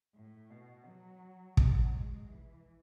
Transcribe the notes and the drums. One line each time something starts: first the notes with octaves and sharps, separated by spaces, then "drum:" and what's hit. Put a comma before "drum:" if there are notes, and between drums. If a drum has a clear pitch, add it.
A2
B2
F#3
F#3, drum: kick
G#3
E3